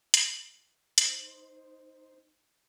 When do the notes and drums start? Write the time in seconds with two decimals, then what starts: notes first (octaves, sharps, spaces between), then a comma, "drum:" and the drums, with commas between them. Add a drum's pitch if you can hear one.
0.14 drum: hi-hat
0.98 D#4 C5, drum: hi-hat